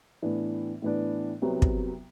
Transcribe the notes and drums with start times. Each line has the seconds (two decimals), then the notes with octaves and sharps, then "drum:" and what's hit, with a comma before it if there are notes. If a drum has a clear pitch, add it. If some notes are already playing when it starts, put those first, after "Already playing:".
0.22 A2 E3 B3 D4
0.82 A2 E3 B3 D4
1.42 C2 C3 F#3 B3 F#4
1.62 drum: kick